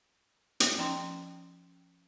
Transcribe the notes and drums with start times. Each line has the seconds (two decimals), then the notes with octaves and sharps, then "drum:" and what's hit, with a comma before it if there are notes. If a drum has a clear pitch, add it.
0.60 drum: hi-hat
0.78 F3 C#4 G5 C6